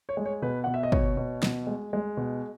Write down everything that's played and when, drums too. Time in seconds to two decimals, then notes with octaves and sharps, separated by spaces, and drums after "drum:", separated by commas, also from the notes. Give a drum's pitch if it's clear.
0.09 C#5
0.17 G#3
0.25 C#5
0.42 B2 B4
0.64 B2 F#5
0.74 E5
0.83 D#5
0.92 B2 C#5, drum: kick
1.17 B2
1.43 B2, drum: snare
1.67 G#3
1.93 G#3
2.17 B2